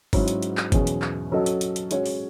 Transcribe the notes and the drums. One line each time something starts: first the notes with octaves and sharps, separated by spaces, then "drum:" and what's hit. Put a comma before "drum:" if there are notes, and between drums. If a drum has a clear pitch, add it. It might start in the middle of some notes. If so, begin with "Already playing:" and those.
G#2 F#3 C#4 E4, drum: kick G1, open hi-hat
drum: hi-hat
drum: hi-hat
drum: clap
E2 B2 F#3 C#4 G#4, drum: kick G1, hi-hat
drum: hi-hat
drum: clap
F#3 C#4 F#4 A4 D#5
drum: hi-hat
drum: hi-hat
drum: hi-hat
G#3 C#4 F#4 C#5, drum: hi-hat
drum: open hi-hat